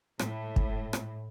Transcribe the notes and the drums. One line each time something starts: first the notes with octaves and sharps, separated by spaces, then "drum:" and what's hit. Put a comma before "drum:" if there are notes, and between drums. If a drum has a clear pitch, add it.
A2, drum: rim click
drum: kick
drum: rim click